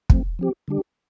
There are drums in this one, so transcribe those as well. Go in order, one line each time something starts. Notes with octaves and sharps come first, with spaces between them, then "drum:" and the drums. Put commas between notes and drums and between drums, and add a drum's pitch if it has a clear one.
F3 A3 C4, drum: kick
F3 C4 G4
D3 G3 D4 G4